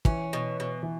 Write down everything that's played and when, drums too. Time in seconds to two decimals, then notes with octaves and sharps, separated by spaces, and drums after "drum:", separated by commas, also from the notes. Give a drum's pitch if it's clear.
0.05 E3 C#4, drum: kick
0.33 B2
0.60 B2
0.83 E3